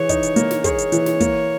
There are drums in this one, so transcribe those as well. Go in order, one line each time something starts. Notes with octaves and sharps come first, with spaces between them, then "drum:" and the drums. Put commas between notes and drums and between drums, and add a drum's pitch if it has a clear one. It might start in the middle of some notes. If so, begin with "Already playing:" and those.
Already playing: E3 G#4 C#5
D#4, drum: kick, hi-hat
drum: hi-hat
A#3, drum: hi-hat
drum: snare
G#4 C#5, drum: kick, hi-hat
drum: hi-hat
E3, drum: hi-hat
drum: snare
A#3, drum: kick, hi-hat